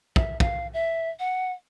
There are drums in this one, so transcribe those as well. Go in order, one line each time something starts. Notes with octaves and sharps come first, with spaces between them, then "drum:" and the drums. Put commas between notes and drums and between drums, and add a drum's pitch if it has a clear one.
E5, drum: kick
F5, drum: kick
E5
F#5